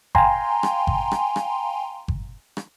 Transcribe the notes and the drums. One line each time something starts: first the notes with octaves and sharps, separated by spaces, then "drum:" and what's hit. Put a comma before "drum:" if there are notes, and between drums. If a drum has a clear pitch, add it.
F5 G5 G#5 A#5 C6, drum: kick G1
drum: rim click
drum: kick G1
drum: rim click
drum: rim click
drum: kick G1
drum: rim click